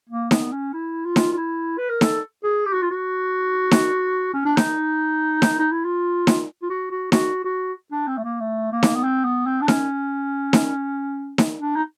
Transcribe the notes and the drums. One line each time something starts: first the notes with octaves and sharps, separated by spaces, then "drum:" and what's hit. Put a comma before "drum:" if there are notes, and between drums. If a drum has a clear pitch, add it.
A#3
B3, drum: snare D#4
C#4
E4
F4
drum: snare D#4
F4
E4
B4
A#4
A4, drum: snare D#4
G#4
G4
F#4
F4
F#4
drum: snare D#4
C#4
D4
D#4, drum: snare D#4
drum: snare D#4
D#4
E4
F4
drum: snare D#4
F4
F#4
F#4
F#4, drum: snare D#4
F#4
D4
C4
A3
A#3
A3
A#3
drum: snare D#4
B3
C4
B3
C4
D4
C#4, drum: snare D#4
drum: snare D#4
drum: snare D#4
D4
D#4